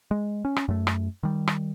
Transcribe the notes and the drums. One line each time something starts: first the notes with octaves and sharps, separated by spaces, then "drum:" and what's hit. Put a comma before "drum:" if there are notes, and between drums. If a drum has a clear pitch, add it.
G#3
C#4
drum: rim click
F#2 A3
drum: rim click
D#3 G3
drum: rim click